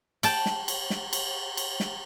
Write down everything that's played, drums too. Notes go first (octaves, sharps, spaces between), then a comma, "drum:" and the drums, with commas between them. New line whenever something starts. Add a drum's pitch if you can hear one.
G5 A5, drum: cymbal
drum: snare
drum: cymbal
drum: snare
drum: cymbal
drum: cymbal
drum: snare